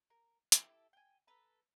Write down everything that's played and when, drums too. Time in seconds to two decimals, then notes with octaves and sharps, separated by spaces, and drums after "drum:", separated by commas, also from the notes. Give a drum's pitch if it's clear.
0.10 A#4
0.52 E4 G4 A4 E5, drum: hi-hat
0.93 G5 G#5
1.27 A4 B4 A#5